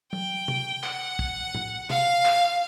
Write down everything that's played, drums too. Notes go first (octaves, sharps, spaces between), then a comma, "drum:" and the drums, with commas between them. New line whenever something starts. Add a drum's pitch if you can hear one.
G5, drum: tom
drum: tom C3
F#5, drum: clap
drum: kick
drum: tom A2
F5, drum: tom C3
drum: clap